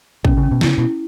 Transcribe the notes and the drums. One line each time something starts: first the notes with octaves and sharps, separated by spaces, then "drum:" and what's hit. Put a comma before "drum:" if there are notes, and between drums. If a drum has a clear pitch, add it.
B2 C#4, drum: kick
C#3
C#4
B2
C#3 E4, drum: snare
B2 E4